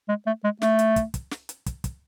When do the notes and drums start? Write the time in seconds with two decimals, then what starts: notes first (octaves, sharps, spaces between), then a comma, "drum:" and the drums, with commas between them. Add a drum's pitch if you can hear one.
0.09 G#3
0.27 A3
0.44 G#3
0.62 A3, drum: snare
0.79 drum: hi-hat
0.96 drum: kick, hi-hat
1.14 drum: kick, hi-hat
1.31 drum: snare
1.49 drum: hi-hat
1.66 drum: kick, hi-hat
1.84 drum: kick, hi-hat